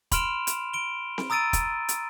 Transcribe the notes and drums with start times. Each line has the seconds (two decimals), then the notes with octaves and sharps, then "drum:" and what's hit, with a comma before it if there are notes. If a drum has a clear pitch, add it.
0.12 B5 C6 F6 D7 E7 F7, drum: kick, hi-hat
0.47 drum: hi-hat
0.73 D7 G7
1.18 drum: snare C4
1.30 A#5 D#6 E6 A6 D7 D#7
1.53 drum: kick, hi-hat
1.89 drum: hi-hat